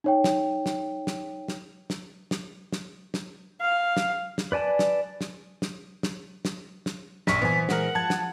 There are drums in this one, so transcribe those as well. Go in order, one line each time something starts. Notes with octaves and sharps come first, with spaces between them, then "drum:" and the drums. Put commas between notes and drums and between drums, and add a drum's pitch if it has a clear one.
D#4 C#5 G5
drum: snare
drum: snare
drum: snare
drum: snare
drum: snare
drum: snare
drum: snare
drum: snare
F5
drum: snare
drum: snare
B4 D5 G#5 A5
drum: snare
drum: snare
drum: snare
drum: snare
drum: snare
drum: snare
A#1 F#2 C#6 B6, drum: snare
A#2 E3 B3 C5 G#5
G#3 A#4 F#5, drum: snare
F3 A5 G#6
drum: snare